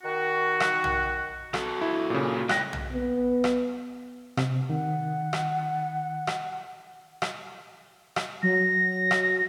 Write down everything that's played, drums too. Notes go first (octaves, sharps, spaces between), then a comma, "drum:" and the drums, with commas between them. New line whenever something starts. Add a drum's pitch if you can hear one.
D#3 F#4
drum: rim click
drum: tom B1
F#3 A4, drum: rim click
E4
A#2 C#3
G#3 G4 F#6 A#6, drum: rim click
drum: tom B1
B3
drum: rim click
C3, drum: rim click
D#3 F#5
drum: rim click
drum: rim click
drum: rim click
drum: rim click
F#3 A#6
drum: rim click